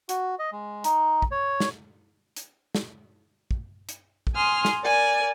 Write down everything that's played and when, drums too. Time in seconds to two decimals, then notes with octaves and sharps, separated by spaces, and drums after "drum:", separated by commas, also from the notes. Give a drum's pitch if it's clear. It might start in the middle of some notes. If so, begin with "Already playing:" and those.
0.09 F#4, drum: hi-hat
0.39 D#5
0.52 G#3
0.84 D#4, drum: hi-hat
1.22 drum: kick
1.31 C#5
1.60 drum: snare
2.37 drum: hi-hat
2.75 drum: snare
3.51 drum: kick
3.89 drum: hi-hat
4.27 drum: kick
4.36 G#5 C6 D#6 F6
4.65 drum: snare
4.82 A#4 D5 G#5